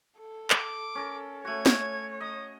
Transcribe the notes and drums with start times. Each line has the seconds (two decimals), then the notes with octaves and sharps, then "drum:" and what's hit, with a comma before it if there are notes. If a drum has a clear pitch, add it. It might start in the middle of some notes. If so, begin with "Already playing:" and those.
0.19 A4
0.50 D6, drum: clap
0.95 C#4 A#4 A5
1.45 A3 F#4 C#5 G#6
1.66 drum: snare
2.20 D#5 A#5 D#6